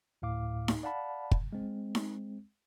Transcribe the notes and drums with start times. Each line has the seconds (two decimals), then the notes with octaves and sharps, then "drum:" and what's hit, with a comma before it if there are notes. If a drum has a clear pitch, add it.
0.22 D2 A2 F5 D6
0.68 drum: snare D#4
0.83 D5 F5 F#5 A5 B5
1.31 drum: kick
1.53 G#3 C4
1.95 drum: snare D#4